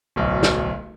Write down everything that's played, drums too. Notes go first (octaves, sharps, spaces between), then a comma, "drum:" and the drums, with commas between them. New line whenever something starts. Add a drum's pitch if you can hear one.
D1 B1
drum: snare